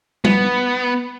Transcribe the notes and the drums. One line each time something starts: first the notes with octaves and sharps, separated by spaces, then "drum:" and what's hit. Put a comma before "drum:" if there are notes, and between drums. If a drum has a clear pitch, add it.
B3, drum: tom G3